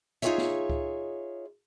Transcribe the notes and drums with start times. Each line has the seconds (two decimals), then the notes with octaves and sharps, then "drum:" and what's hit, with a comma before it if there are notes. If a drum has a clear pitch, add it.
0.22 D#4 F4 F#4 G#4 C#5 E5
0.38 drum: snare
0.70 drum: kick C#2